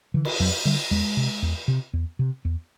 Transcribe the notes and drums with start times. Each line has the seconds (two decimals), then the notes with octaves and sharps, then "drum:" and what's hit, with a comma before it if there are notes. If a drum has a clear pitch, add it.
0.14 D3 E3
0.25 drum: cymbal
0.40 F2 F#3
0.65 D3 G3
0.91 E2 G#3
1.17 C3
1.42 E2
1.68 C3
1.93 E2
2.19 C3
2.45 E2